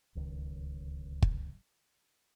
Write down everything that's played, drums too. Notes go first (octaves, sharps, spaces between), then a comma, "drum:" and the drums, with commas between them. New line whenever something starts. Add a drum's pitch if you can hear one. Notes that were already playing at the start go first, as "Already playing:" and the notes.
D1 C#2 D#3
drum: kick